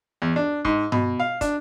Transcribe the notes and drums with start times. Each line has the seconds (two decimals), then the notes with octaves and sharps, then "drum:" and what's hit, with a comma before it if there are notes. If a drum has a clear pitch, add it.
0.22 E2
0.36 D4
0.65 G#2, drum: kick
0.92 B2, drum: tom G2
1.20 F5
1.41 D4, drum: kick, hi-hat